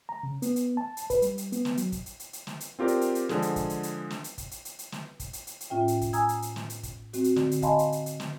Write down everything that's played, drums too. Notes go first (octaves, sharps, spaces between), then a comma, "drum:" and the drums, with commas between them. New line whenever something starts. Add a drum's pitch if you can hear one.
A#5
C#3
B3, drum: hi-hat
drum: hi-hat
A5
drum: hi-hat
B4, drum: kick, hi-hat
G3, drum: hi-hat
drum: hi-hat
B3, drum: hi-hat
drum: snare
F#3, drum: hi-hat
drum: kick, hi-hat
drum: hi-hat
drum: hi-hat
drum: hi-hat
drum: snare
drum: hi-hat
C4 F4 G4 A#4 D5
drum: hi-hat
drum: hi-hat
drum: hi-hat
D3 F3 G#3 G#4, drum: snare
drum: hi-hat
drum: kick, hi-hat
drum: hi-hat
drum: hi-hat
drum: snare
drum: hi-hat
drum: kick, hi-hat
drum: hi-hat
drum: hi-hat
drum: hi-hat
drum: snare
drum: kick, hi-hat
drum: hi-hat
drum: hi-hat
drum: hi-hat
A2 C#4 F4 E5 G5
drum: hi-hat
drum: kick, hi-hat
G#5 A#5 D#6 E6 G#6, drum: hi-hat
drum: hi-hat
drum: hi-hat
drum: snare
drum: hi-hat
drum: kick, hi-hat
C4 F#4, drum: hi-hat
drum: hi-hat
D3, drum: snare
drum: hi-hat
D#5 F5 G#5 A5 B5 C6, drum: kick, hi-hat
drum: hi-hat
drum: hi-hat
drum: hi-hat
drum: snare